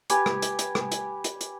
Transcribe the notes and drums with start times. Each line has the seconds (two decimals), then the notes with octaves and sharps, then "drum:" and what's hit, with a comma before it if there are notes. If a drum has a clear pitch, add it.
0.10 G4 B4 G#5, drum: hi-hat
0.26 drum: rim click
0.42 drum: hi-hat
0.59 drum: hi-hat
0.75 drum: rim click
0.92 drum: hi-hat
1.24 drum: hi-hat
1.41 drum: hi-hat